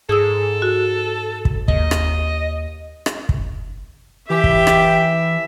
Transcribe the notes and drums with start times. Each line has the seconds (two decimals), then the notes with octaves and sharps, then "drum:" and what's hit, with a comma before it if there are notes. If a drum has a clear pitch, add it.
0.09 G#2 G#4 A4 D#6 E6
0.62 F#4
1.45 drum: kick
1.68 D#2 D#5, drum: kick
1.91 drum: rim click
3.06 drum: rim click
3.29 drum: kick
4.30 E3 G4 E5
4.44 drum: kick
4.67 drum: rim click